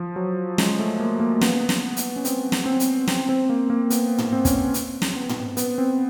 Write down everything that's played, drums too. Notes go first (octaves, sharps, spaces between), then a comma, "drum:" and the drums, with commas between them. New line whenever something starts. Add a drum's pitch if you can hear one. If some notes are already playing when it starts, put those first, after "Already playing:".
Already playing: F3
F#3
G#3, drum: snare
A3
A#3
A#3
B3, drum: snare
drum: snare
drum: hi-hat
C#4
C4, drum: hi-hat
drum: snare
C4
drum: hi-hat
C4, drum: snare
C4
A#3
A#3
B3, drum: hi-hat
drum: tom
C4
C#4, drum: kick, hi-hat
C4
C4, drum: hi-hat
drum: snare
B3
drum: tom
B3, drum: hi-hat
C4